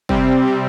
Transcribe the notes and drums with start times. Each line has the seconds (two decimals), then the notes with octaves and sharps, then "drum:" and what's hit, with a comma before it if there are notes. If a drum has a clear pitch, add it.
0.09 C3 G3 C4, drum: kick
0.46 C3 G3 C4